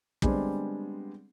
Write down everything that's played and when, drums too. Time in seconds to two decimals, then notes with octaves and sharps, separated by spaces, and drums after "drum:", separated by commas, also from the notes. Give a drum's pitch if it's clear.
0.22 D3 G3 G#3 B3 C4 D4, drum: kick